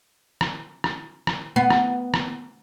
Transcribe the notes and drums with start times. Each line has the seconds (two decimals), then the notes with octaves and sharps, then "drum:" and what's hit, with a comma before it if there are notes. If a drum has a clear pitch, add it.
0.41 drum: rim click
0.84 drum: rim click
1.27 drum: rim click
1.56 B3
1.70 drum: rim click
2.14 drum: rim click